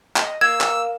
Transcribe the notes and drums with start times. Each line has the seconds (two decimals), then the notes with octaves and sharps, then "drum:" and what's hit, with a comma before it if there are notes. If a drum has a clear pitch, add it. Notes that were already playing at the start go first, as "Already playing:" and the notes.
0.16 D#5, drum: clap
0.41 A#3 E6 G#6
0.61 drum: clap